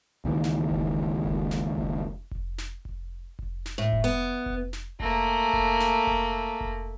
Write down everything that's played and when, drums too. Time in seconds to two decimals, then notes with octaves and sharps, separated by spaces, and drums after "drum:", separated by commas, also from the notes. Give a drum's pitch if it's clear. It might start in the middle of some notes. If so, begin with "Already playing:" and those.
0.25 C#2 A#2 D#3 E3
0.44 drum: snare
0.70 drum: kick F1
1.24 drum: kick F1
1.51 drum: snare
1.78 drum: kick F1
2.31 drum: kick F1
2.58 drum: snare
2.85 drum: kick F1
3.39 drum: kick F1
3.66 drum: snare
3.78 A2
3.92 drum: kick F1
4.04 B3
4.46 drum: kick F1
4.73 drum: snare
5.00 A3 A#3, drum: kick F1
5.53 drum: kick F1
5.80 drum: snare
6.07 drum: kick F1
6.61 drum: kick F1